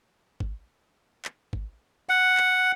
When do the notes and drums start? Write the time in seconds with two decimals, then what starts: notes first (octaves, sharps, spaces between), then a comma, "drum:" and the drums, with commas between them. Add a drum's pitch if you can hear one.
0.40 drum: kick
1.25 drum: clap
1.53 drum: kick
2.09 F#5
2.37 drum: clap